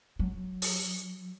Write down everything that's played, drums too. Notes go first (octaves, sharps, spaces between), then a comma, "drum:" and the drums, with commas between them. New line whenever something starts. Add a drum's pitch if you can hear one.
F#3
drum: open hi-hat